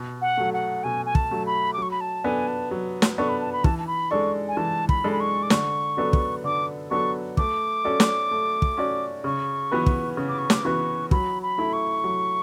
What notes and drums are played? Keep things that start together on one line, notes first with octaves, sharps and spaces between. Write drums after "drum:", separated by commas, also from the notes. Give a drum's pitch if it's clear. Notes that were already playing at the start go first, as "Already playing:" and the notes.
Already playing: B2
F#5
F#3 A3
F#5
B2 G#5
G#5
A5, drum: kick
F#3 A3
B5
D6
F#3 C#6
B5
A5
B3 D4 A4 G#5
A5
F#3
drum: snare
B3 D4 A4 C#6
B5
A5
B5
E3 A5, drum: kick
A5
B5
G#3 D4 A4 D5 C#6
G#5
E3 A5
B5, drum: kick
G#3 D4 A4 D5
B5
C#6
D6
D3 C#6, drum: snare
F#3 B3 D4 A4
drum: kick
D3 D6
F#3 B3 D4 A4 C#6
A3 D6, drum: kick
C#4 F#4 A4 D5
drum: snare
A3
drum: kick
C#4 F#4 A4 D5
C#3 C#6
E3 B3 F#4 B4
drum: kick
C#3
D6
C#6
D6, drum: snare
E3 B3 F#4 B4 C#6
F#3 B5, drum: kick
B5
A3 E4
C#6
F#3